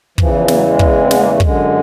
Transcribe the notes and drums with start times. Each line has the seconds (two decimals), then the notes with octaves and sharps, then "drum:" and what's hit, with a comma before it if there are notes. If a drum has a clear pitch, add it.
0.18 E2 C#3 E3 F3, drum: kick
0.33 F3
0.48 F#3, drum: snare
0.63 G#3
0.79 drum: kick
1.00 C4
1.11 B3, drum: snare
1.20 A#3
1.30 A3
1.40 F#2 D3 G#3, drum: kick